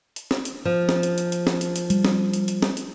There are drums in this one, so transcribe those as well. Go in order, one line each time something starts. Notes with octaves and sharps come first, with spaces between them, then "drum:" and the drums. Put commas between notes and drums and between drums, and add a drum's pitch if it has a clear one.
drum: hi-hat
drum: snare
drum: hi-hat
F3
drum: snare
drum: hi-hat
drum: hi-hat
drum: hi-hat
drum: snare
drum: hi-hat
drum: hi-hat
G3, drum: hi-hat
drum: snare
drum: hi-hat
drum: hi-hat
drum: snare
drum: hi-hat